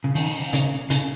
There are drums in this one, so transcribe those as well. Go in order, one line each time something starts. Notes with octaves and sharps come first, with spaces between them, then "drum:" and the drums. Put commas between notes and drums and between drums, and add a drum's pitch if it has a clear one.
C#3
D#3, drum: open hi-hat
C#3, drum: hi-hat
C#3, drum: hi-hat